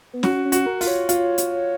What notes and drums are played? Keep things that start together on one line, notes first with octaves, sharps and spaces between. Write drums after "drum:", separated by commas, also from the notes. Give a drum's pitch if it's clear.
B3
C#4 F#4, drum: snare
C#4
F#4, drum: hi-hat
A#4
F4, drum: open hi-hat
C#5
F4, drum: hi-hat
drum: hi-hat